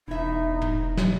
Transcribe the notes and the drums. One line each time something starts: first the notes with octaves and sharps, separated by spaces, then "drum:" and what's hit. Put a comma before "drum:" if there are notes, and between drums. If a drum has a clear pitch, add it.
E1 D#4 E4 E5
drum: tom
drum: snare